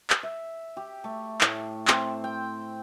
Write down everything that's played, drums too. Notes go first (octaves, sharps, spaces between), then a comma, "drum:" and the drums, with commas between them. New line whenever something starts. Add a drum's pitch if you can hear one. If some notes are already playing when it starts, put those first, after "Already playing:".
drum: clap
E5
G4
A3
A2, drum: clap
C4, drum: clap
G5